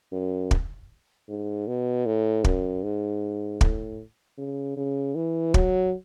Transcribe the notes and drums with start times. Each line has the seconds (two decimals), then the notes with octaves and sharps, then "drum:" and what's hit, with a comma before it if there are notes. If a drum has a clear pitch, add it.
0.12 F#2
0.51 drum: kick
1.29 G#2
1.67 B2
2.06 A2
2.44 F#2, drum: kick
2.84 G#2
3.61 A2, drum: kick
4.38 C#3
4.77 C#3
5.15 E3
5.54 F#3, drum: kick